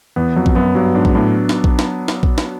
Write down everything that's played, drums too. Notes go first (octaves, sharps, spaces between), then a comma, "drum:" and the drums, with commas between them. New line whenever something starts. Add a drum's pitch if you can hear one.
E2 B3
F2 F#3
drum: kick A#1
F#2 B3
G2 F#3
G#2 D4
drum: kick A#1
A2 D4
drum: snare
drum: kick A#1
drum: snare
drum: snare
drum: kick A#1
drum: snare